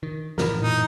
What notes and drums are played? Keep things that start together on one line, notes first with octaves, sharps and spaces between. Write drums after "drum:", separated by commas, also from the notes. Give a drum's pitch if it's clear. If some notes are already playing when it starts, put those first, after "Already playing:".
D#3
F#2 A2 E3 A#4 B5, drum: snare
A#2 D#4